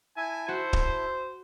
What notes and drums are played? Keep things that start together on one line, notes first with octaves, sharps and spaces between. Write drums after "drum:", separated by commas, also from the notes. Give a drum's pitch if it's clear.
E4 E5 G#5 A5
F#4 C5
drum: kick